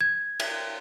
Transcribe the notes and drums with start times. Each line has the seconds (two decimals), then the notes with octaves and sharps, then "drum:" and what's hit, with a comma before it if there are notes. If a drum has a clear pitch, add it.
0.01 G#6
0.40 drum: cymbal